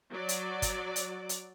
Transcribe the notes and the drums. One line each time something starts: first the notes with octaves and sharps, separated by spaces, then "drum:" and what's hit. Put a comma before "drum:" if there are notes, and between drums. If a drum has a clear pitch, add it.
F#3 D5
drum: hi-hat
drum: kick G1, hi-hat
drum: hi-hat
drum: hi-hat